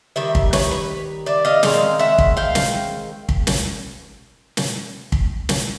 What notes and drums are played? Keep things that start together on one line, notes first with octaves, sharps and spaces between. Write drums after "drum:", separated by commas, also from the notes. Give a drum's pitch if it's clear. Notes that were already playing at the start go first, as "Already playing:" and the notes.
D#3 G3 E5
drum: kick
B4 C#5, drum: snare
B4 C#5
D5 E5
D#5 F5
D#3 G#3 C4 F5, drum: snare
E5 F#5
drum: kick
F5 G5
drum: snare
drum: kick
drum: snare
drum: snare
drum: kick
drum: snare